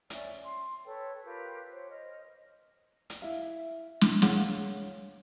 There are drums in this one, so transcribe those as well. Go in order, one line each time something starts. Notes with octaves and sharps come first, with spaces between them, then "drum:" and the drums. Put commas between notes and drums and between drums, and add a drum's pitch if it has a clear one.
C#4 D5 E5, drum: hi-hat
C6
A4 B4 C#5 G5
F4 G4 A#4 B4
C5 C#5
D#5 F6
drum: hi-hat
E4 E5 F5
drum: snare
G#4 C#5 F5 F#5, drum: snare